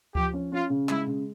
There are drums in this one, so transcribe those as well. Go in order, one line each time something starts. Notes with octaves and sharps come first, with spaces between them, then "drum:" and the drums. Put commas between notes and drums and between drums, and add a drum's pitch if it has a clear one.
F3 G4, drum: kick D2
C#4
C#4 F4
C#3
G#3 E4, drum: clap
C#3